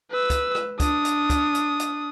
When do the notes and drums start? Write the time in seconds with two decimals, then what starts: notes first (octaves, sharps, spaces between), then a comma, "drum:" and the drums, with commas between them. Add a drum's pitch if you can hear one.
0.11 B4 E6
0.30 drum: kick, hi-hat
0.55 drum: rim click
0.80 D4 D#6, drum: kick, hi-hat
1.05 drum: hi-hat
1.30 drum: kick, hi-hat
1.55 drum: hi-hat
1.80 drum: hi-hat